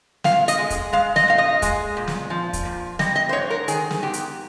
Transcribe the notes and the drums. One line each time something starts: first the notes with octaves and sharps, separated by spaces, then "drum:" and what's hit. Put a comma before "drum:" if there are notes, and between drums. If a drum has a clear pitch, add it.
A#2 F5, drum: snare
D#5, drum: hi-hat
G#3
drum: kick, hi-hat
G#3 F5
D#5, drum: snare
A#2 F5
D#5
G#3, drum: kick, hi-hat
A#2
drum: snare
F3
drum: kick, hi-hat
A#2
G3 D#5, drum: snare
D#5
C5
G#2 C#5
A#4
D#3 G#4, drum: hi-hat
drum: snare
G#2 G4
drum: hi-hat